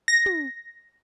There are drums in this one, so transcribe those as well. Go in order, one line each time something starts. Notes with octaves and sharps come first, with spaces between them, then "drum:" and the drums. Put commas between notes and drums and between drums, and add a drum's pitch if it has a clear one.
A#6
drum: tom